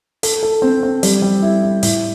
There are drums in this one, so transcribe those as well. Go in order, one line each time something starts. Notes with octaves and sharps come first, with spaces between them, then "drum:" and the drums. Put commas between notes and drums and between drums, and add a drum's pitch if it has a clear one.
A4, drum: hi-hat
A4
C4
C4
G3, drum: hi-hat
G3
E4
E4
A2, drum: hi-hat